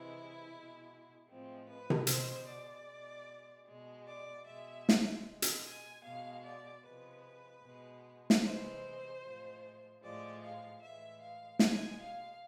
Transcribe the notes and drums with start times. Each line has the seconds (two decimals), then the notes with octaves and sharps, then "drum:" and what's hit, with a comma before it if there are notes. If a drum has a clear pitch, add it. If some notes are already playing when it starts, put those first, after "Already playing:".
Already playing: C3 E3 G#3 E4
0.47 B2 G#3
1.27 A2 F3 G#3 C4
1.67 B4
1.90 drum: tom C3
2.07 B2 G#3 C5, drum: hi-hat
2.46 D5
2.86 B2 G#3
3.66 B2 G#3
4.06 D5
4.45 B2 G#3 E5
4.89 drum: snare
5.24 B2 G#3
5.42 drum: hi-hat
5.64 G#5
6.03 B2 G#3 F5
6.43 D5
6.84 C3 F3 G#3 B4
7.63 B2 G#3
8.30 drum: snare
8.42 C3 E3 G#3 C5
9.22 A2 F3 G#3
10.01 A2 F3 G#3 D5
10.41 F5
10.80 A2 E3 G#3 E5
11.20 F5
11.59 B2 G#3 G#5, drum: snare
12.00 F5